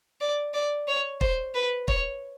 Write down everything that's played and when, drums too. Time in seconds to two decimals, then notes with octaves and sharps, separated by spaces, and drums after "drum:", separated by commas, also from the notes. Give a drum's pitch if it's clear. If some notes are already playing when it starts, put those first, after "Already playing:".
0.21 D5
0.54 D5
0.88 C#5
1.21 C5, drum: kick
1.54 B4
1.88 C#5, drum: kick